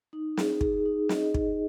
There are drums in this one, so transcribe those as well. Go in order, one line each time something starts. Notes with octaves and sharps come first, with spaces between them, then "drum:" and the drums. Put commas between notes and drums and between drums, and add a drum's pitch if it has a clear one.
D#4
G#4, drum: snare
G#4, drum: kick
D#4
D#5, drum: snare
D#4, drum: kick